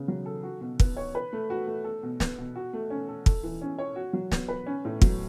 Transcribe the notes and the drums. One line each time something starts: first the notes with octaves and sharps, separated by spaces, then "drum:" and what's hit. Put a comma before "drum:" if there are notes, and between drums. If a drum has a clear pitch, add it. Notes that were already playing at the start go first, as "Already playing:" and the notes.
Already playing: C#3 B3
F#3
A4
F#4
B2
B3, drum: kick
C#5
B4
A3
F#4
A3
A4
B2
B3, drum: snare
B2
F#4
A3
C#4
A4
A4, drum: kick
E3
C#4
C#5
F#4
F#3
B3, drum: snare
B4
C#4
A2
F#3, drum: kick